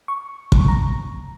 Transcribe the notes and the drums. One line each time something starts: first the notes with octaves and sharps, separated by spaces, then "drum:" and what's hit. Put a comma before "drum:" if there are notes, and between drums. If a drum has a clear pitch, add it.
C#6
drum: kick
A#5